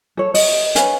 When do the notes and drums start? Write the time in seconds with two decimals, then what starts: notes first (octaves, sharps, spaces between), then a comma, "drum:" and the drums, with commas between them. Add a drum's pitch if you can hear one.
0.17 A4 C#5
0.34 D#5, drum: open hi-hat
0.75 B4 C#5 F5 G#5, drum: hi-hat